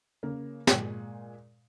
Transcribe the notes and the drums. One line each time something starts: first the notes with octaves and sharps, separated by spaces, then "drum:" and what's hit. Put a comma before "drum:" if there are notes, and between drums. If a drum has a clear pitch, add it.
C#3 A#3 A#4
A#2 G#3, drum: snare